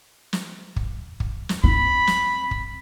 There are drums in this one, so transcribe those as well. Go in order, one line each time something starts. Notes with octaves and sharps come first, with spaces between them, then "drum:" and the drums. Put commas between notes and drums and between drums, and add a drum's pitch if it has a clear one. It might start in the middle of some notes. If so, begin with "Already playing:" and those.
drum: snare
drum: kick
drum: kick
drum: snare
C4 B5
drum: snare
drum: kick